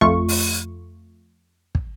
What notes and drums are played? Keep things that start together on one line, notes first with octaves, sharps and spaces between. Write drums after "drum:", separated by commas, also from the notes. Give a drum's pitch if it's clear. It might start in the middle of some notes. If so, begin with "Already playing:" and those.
F2 A3 F4 C#6, drum: kick
drum: open hi-hat
drum: kick